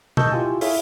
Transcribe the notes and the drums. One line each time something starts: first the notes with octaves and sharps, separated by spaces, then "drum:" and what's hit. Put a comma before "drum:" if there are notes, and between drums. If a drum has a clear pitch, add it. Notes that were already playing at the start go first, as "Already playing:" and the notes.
A#4 D#5 A5 C#6 E6 G6, drum: tom B2
E4 F4 G4 G#5
E4 G#4 A4 C#5 E5 F5, drum: open hi-hat